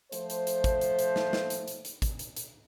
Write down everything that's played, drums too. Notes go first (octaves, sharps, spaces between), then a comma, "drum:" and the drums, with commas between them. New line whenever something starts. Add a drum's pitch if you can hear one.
F3 A3 C5, drum: hi-hat
drum: hi-hat
drum: hi-hat
drum: kick, hi-hat
drum: hi-hat
drum: hi-hat
drum: snare
drum: snare
drum: hi-hat
drum: hi-hat
drum: hi-hat
drum: kick, hi-hat
drum: hi-hat
drum: hi-hat